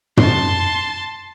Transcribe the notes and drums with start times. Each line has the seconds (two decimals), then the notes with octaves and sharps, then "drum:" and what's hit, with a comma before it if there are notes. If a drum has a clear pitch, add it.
0.17 A5 C6, drum: tom